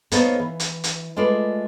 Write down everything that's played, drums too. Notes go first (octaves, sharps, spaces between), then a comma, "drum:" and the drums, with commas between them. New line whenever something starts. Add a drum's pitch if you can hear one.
A#3 B3 D#4 A4 C5 C#5, drum: hi-hat
E3
drum: hi-hat
drum: hi-hat
G#3 A3 F4 B4 D5